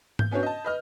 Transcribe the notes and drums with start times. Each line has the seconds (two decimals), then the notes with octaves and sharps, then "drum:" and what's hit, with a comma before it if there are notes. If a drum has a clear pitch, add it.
0.19 G6, drum: tom G#2
0.31 B3 C#4 D4 F#4 C#5
0.43 D#5 A5
0.65 B4 D#5 F6